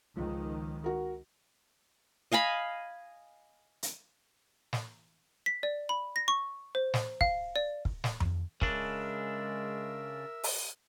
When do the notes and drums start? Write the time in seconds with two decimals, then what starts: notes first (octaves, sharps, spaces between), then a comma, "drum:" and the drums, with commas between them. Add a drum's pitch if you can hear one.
0.17 C#2 D#3 F3
0.84 F#4 A#4
2.32 D#5 F5 G#5 B5
3.83 drum: hi-hat
4.73 drum: snare
5.46 B6
5.63 D5
5.89 B5
6.16 A#6
6.28 C#6
6.75 C5
6.94 drum: snare
7.21 F5, drum: kick
7.56 D5
7.85 drum: kick
8.04 drum: snare
8.20 drum: tom F2
8.61 C#3 G#3 D4 A#4 E5, drum: kick
10.44 drum: open hi-hat